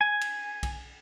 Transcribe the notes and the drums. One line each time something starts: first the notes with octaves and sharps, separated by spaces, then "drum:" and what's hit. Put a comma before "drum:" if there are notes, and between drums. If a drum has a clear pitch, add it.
G#5
drum: cymbal
drum: kick B1, cymbal